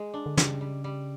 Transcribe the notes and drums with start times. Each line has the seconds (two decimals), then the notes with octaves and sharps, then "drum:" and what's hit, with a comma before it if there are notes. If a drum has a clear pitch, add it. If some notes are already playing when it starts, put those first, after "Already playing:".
Already playing: G#3
0.14 D4
0.26 D3
0.37 C#3 G3, drum: snare
0.61 G3
0.84 G3